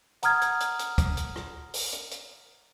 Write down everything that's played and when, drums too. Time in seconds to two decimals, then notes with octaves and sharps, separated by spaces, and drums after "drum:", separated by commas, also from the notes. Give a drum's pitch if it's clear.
0.23 F#5 A#5 D#6 F6 G#6, drum: hi-hat
0.41 drum: hi-hat
0.60 drum: hi-hat
0.79 drum: hi-hat
0.98 drum: kick, hi-hat
1.17 drum: hi-hat
1.36 drum: rim click
1.74 drum: open hi-hat
1.92 drum: hi-hat
2.11 drum: hi-hat